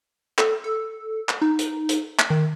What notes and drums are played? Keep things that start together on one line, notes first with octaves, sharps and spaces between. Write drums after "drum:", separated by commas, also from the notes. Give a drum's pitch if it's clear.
A4, drum: clap
A4
drum: clap
D#4
drum: hi-hat
drum: hi-hat
drum: clap
D#3